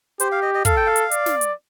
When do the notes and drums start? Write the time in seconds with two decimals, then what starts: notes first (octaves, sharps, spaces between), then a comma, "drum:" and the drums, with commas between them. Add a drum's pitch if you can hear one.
0.20 G4 C5, drum: hi-hat
0.32 F5
0.42 D#5
0.55 D#5
0.65 A4 F5, drum: kick, hi-hat
0.77 G5
0.87 F5
0.96 drum: hi-hat
1.12 D5, drum: hi-hat
1.26 drum: snare
1.41 drum: hi-hat